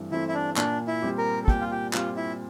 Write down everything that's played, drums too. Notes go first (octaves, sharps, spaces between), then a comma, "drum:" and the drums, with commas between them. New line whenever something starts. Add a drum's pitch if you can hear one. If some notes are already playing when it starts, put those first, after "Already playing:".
Already playing: G2 E3 A3 C4
E3 A3 C4 E4
E4
D4
A#2 D4, drum: clap
E4
G3 C4 G4
A#4
A4
A#2 G4, drum: kick
F4
G4
G3 C4 F4 G4, drum: clap
E4